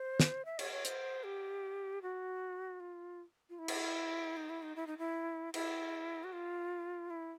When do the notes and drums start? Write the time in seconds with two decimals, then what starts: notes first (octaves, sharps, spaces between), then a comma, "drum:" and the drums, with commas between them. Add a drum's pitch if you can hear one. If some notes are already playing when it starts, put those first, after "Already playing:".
Already playing: C5
0.20 drum: snare
0.45 E5
0.59 C#5, drum: cymbal
0.72 C#5
0.85 C5, drum: hi-hat
1.24 G4
2.02 F#4
2.80 F4
3.50 F4
3.59 E4
3.68 drum: cymbal
4.37 D#4
4.50 E4
4.62 D#4
4.76 E4
4.87 D#4
4.98 E4
5.54 E4, drum: cymbal
6.24 F#4
6.33 F4
7.10 E4